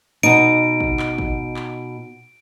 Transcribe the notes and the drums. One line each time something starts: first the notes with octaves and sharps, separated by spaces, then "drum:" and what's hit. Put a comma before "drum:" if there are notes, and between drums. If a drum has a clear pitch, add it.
B2 D#4 D7
drum: kick
drum: clap
drum: kick
drum: clap